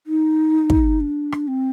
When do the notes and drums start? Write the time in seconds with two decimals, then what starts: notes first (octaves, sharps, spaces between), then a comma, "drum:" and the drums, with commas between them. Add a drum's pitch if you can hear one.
0.07 D#4
0.70 drum: kick
1.01 D4
1.32 drum: rim click
1.48 C4